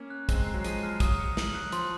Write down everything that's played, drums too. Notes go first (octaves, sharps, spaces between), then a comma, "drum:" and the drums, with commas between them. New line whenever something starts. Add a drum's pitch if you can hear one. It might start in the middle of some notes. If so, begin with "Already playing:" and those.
Already playing: A#3 C#4
F#6
G#3 C4 A#5, drum: kick, hi-hat
C7
F#3
F3 G#3 D#7, drum: hi-hat
F6
F#3 D#6, drum: kick, hi-hat
C#7
F#7, drum: snare
F#6
F3 C6, drum: hi-hat